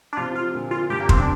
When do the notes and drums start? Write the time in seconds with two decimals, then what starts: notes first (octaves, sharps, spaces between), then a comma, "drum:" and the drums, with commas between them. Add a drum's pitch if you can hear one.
0.13 D4
0.17 C3 F3 F4
0.35 F4
0.53 A#2 D3
0.71 F4
0.89 G2 C3 G4
1.00 A#3
1.09 C4, drum: kick
1.17 D4